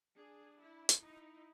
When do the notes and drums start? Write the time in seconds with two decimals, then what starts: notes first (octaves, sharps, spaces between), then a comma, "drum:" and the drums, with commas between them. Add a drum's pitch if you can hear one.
0.16 D4 G#4
0.59 E4
0.89 drum: hi-hat
1.00 D#4 E4